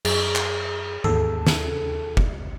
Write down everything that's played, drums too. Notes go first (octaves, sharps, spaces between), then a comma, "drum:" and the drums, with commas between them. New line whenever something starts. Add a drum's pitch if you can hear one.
F#2 G#4, drum: cymbal
drum: clap
D#2 A4, drum: tom G#2
drum: snare
drum: kick